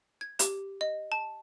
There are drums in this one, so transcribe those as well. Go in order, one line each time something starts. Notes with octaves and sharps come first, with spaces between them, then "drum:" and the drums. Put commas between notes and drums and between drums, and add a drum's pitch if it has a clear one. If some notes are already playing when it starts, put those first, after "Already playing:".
G#6
G4, drum: hi-hat
D#5
A5